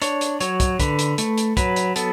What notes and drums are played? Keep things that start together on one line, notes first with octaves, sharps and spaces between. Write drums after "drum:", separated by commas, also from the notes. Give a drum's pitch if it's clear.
D4 C#5, drum: hi-hat
drum: hi-hat
F#3 C#5, drum: hi-hat
drum: kick, hi-hat
D3 B4, drum: kick, hi-hat
drum: hi-hat
A3, drum: hi-hat
drum: hi-hat
F#3 B4, drum: kick, hi-hat
drum: hi-hat
B3 A4, drum: hi-hat